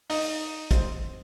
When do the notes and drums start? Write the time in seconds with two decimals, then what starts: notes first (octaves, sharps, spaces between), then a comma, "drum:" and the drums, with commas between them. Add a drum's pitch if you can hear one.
0.10 D#4, drum: open hi-hat
0.71 C4, drum: kick, hi-hat